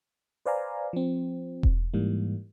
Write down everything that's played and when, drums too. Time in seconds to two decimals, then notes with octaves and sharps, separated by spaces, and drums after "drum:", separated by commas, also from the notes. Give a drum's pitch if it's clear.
0.46 B4 C5 D5 F5 G#5 A#5
0.93 F3 C4
1.63 drum: kick E1
1.93 G#2 E3 G3 A#3